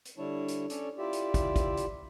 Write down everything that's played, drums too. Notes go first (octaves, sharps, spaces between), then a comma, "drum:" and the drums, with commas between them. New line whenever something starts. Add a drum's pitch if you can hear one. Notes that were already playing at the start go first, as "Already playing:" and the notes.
drum: hi-hat
D3 G3 D4 E4 C#5 A5
drum: hi-hat
C#4 A4 C#5 D5, drum: hi-hat
E4 F4 G4 D5 E5
drum: hi-hat
drum: kick, hi-hat
drum: kick, hi-hat
drum: hi-hat